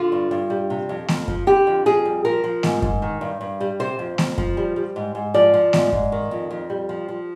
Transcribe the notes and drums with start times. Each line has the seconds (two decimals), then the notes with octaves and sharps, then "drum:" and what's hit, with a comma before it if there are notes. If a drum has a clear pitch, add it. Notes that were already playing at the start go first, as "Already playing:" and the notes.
Already playing: D3 F4
0.12 G2
0.31 G2
0.50 G3
0.70 C3
0.89 F2
1.08 F2, drum: snare A3
1.28 F3, drum: kick F#2
1.47 D3 G4
1.67 F2
1.86 F2 G#4
2.05 G3
2.25 F3 A#4
2.44 F3
2.63 G#2, drum: snare A3
2.82 G#2, drum: kick F#2
3.02 D#3
3.21 G2
3.41 G2
3.60 G3
3.80 C3 C5
3.99 F2
4.18 F2, drum: snare A3
4.38 F3, drum: kick F#2
4.57 G3
4.76 G3
4.96 G#2
5.15 G#2
5.34 F3 D5
5.54 F3
5.73 G#2, drum: snare A3
5.92 G#2, drum: kick F#2
6.12 D#3
6.31 F2
6.50 F2
6.70 G3
6.89 F3
7.09 F3